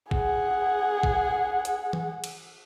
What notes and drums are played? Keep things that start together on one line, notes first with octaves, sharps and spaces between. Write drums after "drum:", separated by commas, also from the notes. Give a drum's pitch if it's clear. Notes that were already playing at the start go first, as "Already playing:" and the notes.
G#4 F#5, drum: kick
drum: kick
drum: hi-hat
drum: tom E3
drum: cymbal